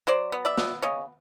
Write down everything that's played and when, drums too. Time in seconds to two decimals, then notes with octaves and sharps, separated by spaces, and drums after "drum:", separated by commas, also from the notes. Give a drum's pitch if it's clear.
0.07 F#3 C5 D5
0.32 B3
0.45 D5 E5
0.57 B3, drum: snare
0.82 C#3 C#5 D#5